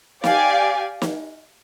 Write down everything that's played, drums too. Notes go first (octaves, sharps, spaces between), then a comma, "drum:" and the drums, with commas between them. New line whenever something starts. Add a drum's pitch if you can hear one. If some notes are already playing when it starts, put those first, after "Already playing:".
G4 D5 F5 G#5, drum: snare
drum: snare